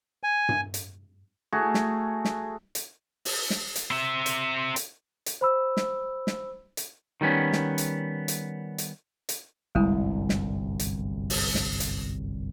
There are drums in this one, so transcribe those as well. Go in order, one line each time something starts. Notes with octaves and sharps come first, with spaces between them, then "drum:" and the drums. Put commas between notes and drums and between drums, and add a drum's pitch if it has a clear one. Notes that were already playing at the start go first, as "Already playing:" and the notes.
G#5
drum: tom G2
drum: hi-hat
A3 F#4 G#4
drum: snare
drum: snare
drum: hi-hat
drum: open hi-hat
drum: snare
drum: hi-hat
C4 E5
drum: hi-hat
drum: hi-hat
drum: hi-hat
C5 B5 E6
drum: snare
drum: snare
drum: hi-hat
D#3 G3 B3 C#4
drum: snare
drum: hi-hat
drum: hi-hat
drum: hi-hat
drum: hi-hat
G1 C2 F#2 G3 G#3 E4
drum: snare
drum: hi-hat
drum: open hi-hat
drum: snare
drum: hi-hat